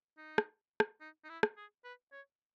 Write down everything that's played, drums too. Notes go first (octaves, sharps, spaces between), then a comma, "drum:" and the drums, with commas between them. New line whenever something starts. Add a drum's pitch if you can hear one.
D#4
drum: rim click
drum: rim click
D#4
D#4
E4
drum: rim click
G#4
B4
C#5